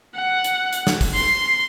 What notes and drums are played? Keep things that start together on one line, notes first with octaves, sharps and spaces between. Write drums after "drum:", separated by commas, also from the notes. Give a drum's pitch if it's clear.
F#5
drum: hi-hat
drum: hi-hat
drum: snare
drum: kick, open hi-hat
C6